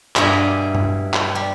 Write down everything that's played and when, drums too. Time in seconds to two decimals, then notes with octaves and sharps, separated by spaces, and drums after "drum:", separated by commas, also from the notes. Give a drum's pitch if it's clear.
0.16 G2 B2 E4 D5 G#5 A#5, drum: clap
0.75 drum: tom G2
1.14 drum: clap
1.35 G3